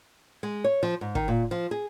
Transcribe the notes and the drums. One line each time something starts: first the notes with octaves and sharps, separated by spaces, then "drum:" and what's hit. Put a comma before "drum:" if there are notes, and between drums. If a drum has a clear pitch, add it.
G#3
C#5
F3
G#2
D#3, drum: kick
A#2
F3
G#4